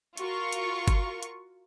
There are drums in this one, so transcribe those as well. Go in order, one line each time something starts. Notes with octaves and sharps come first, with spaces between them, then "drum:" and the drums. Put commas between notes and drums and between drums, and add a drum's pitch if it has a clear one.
F4 F#4 A#4 C#6, drum: hi-hat
drum: hi-hat
drum: kick G1, hi-hat
drum: hi-hat